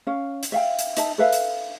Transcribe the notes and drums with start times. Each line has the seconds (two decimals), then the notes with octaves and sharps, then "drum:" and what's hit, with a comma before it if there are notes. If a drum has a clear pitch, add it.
0.07 C#4 F5
0.43 drum: hi-hat
0.52 E5 F5 G5
0.79 drum: hi-hat
0.97 D#4 E5 A5, drum: hi-hat
1.18 A4 B4 E5 F5
1.33 drum: hi-hat